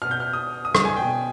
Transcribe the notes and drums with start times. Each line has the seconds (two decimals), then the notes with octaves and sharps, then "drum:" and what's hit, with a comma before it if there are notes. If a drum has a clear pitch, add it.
0.02 B2 B3 F6
0.11 G6
0.20 F6
0.33 D#6
0.65 D#6
0.75 drum: rim click
0.85 G#5
0.96 B2 B3 G5